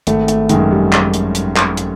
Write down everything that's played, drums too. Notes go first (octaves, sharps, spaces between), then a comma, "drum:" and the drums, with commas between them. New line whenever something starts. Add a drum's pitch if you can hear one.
G#1 A3, drum: hi-hat
A3, drum: hi-hat
F#2 D#3 G#3, drum: hi-hat
G3
drum: clap
drum: hi-hat
drum: hi-hat
drum: clap
drum: hi-hat